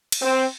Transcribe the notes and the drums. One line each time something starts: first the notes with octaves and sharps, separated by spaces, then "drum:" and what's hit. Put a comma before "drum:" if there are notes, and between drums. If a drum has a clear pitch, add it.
drum: cymbal
C4